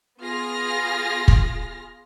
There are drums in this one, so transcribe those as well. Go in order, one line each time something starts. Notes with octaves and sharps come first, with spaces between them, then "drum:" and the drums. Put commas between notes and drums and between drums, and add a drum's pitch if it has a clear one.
B3 F4 G#4 F6 A#6
drum: kick